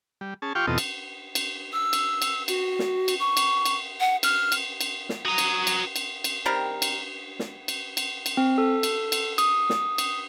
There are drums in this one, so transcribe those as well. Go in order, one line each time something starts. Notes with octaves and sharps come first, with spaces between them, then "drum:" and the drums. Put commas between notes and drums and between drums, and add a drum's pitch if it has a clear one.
G3
C#4 G#4 A5
F4 G4 F5 G5 C#6
E2 B2 C4 F4 A4 D#5
drum: cymbal
drum: cymbal
E6
drum: cymbal
drum: cymbal
F#4, drum: cymbal
drum: snare
drum: cymbal
C#6
drum: cymbal
drum: cymbal
F#5
F6, drum: cymbal
drum: cymbal
drum: cymbal
drum: snare
F#4 A#5 D#6
drum: cymbal
drum: cymbal
drum: cymbal
drum: cymbal
D#3 G3 C4 A#4
drum: cymbal
drum: snare
drum: cymbal
drum: cymbal
drum: cymbal
C4
A4
drum: cymbal
drum: cymbal
D#6, drum: cymbal
drum: snare
drum: cymbal